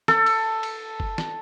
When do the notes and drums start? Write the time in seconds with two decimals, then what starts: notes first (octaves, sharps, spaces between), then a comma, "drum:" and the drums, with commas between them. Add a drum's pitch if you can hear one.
0.08 A4, drum: snare
0.26 drum: cymbal
0.63 drum: cymbal
1.00 drum: kick F#1
1.18 drum: snare